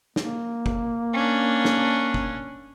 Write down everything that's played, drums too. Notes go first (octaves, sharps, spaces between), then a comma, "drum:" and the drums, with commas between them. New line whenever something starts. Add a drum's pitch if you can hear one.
A#3, drum: snare
drum: kick
C#4 D4
drum: snare
drum: kick